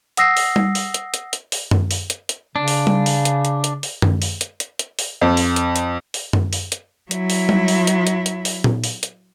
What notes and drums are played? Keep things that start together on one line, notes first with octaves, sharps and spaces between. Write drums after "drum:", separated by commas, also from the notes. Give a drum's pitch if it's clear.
F#5 D#6 E6 A#6 C7, drum: hi-hat
drum: open hi-hat
drum: tom G3
drum: open hi-hat
drum: hi-hat
drum: hi-hat
drum: hi-hat
drum: open hi-hat
drum: tom F#2
drum: open hi-hat
drum: hi-hat
drum: hi-hat
C#3 D4
drum: open hi-hat
drum: tom G3
drum: open hi-hat
drum: hi-hat
drum: hi-hat
drum: hi-hat
drum: open hi-hat
drum: tom F#2
drum: open hi-hat
drum: hi-hat
drum: hi-hat
drum: hi-hat
drum: open hi-hat
F2
drum: open hi-hat
drum: hi-hat
drum: hi-hat
drum: open hi-hat
drum: tom F#2
drum: open hi-hat
drum: hi-hat
F#3 E4, drum: hi-hat
drum: open hi-hat
drum: tom G3
drum: open hi-hat
drum: hi-hat
drum: hi-hat
drum: hi-hat
drum: open hi-hat
drum: tom A#2
drum: open hi-hat
drum: hi-hat